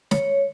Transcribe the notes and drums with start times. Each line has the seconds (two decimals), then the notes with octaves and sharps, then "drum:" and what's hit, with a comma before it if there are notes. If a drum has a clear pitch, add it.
0.11 C#5, drum: snare